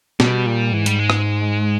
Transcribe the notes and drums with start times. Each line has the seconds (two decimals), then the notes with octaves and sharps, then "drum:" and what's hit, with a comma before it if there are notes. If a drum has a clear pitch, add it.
0.20 B2 G3, drum: snare
0.46 A#2
0.72 G#2 E3
0.86 G3, drum: hi-hat
0.99 G#3
1.10 drum: rim click